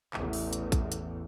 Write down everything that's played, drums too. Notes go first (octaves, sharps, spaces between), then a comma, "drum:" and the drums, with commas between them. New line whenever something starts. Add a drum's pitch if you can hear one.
A1 E2, drum: clap
drum: open hi-hat
drum: hi-hat
drum: kick A1, hi-hat
drum: hi-hat